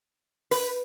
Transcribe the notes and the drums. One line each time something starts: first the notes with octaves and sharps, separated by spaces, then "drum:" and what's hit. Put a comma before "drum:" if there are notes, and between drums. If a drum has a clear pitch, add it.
B4, drum: open hi-hat